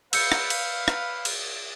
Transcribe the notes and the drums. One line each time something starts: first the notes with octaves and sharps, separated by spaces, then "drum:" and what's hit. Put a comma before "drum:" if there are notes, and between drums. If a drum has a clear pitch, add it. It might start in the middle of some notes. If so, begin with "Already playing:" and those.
B4 F5 E6 G6 C#7, drum: cymbal
drum: rim click
drum: cymbal
drum: rim click
drum: cymbal